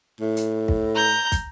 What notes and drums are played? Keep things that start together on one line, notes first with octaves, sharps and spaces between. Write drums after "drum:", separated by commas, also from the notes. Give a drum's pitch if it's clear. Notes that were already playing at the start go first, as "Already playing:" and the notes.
A2
drum: hi-hat
drum: kick
A#5 G6
drum: kick, hi-hat